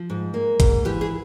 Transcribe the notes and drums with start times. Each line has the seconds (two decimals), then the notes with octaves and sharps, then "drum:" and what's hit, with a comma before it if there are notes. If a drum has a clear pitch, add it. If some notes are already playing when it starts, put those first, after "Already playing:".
Already playing: F3
0.10 G#2
0.34 A#3
0.60 G#2, drum: kick, hi-hat
0.85 E3 G4
1.01 G#4